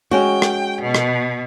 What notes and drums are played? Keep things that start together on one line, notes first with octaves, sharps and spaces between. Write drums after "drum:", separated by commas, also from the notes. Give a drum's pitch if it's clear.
G#3 C#4 F#4 G5
drum: rim click
B2
drum: rim click